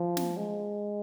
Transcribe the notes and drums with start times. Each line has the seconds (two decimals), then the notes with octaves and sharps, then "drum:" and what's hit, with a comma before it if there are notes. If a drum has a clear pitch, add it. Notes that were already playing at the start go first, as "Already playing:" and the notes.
Already playing: F3
0.17 drum: snare
0.37 G#3